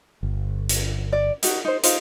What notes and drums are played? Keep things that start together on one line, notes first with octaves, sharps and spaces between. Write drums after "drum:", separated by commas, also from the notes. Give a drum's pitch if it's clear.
G1
drum: hi-hat
D5
D#4 F#4, drum: hi-hat
D#4 C5
D#4 F4 C5, drum: hi-hat